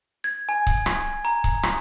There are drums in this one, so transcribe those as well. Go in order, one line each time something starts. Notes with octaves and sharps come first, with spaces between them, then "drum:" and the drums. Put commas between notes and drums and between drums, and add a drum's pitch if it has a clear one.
G#6
G#5
drum: kick C#1
drum: rim click
A#5
drum: kick C#1
drum: rim click